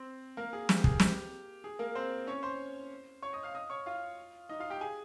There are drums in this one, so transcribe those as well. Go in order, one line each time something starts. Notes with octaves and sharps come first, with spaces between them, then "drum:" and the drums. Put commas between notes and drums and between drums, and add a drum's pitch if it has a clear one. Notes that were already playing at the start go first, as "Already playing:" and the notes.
Already playing: C4 C5
A#3 A#4
G#4
G4, drum: snare
G#4, drum: kick
G4, drum: snare
G#4
A#3 A#4
C4 C5
C#4 C#5
C5 C6
C#5 C#6
D#5 D#6
F5 F6
D#5 D#6
C#5 C#6
F4 F5
D#4 D#5
F4 F5
G4 G5
G#4 G#5